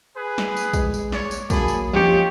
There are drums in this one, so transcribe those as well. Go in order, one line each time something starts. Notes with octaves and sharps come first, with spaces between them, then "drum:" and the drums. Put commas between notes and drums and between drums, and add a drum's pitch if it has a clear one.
G#4 B4
drum: snare
drum: tambourine
G#3, drum: kick, tambourine
drum: tambourine
C#5 D5, drum: snare
drum: tambourine
F#3 A#3 G#4 A5 B5, drum: kick, tambourine
drum: tambourine
F2 C#4 F4 G4 D#5 C#6 C#7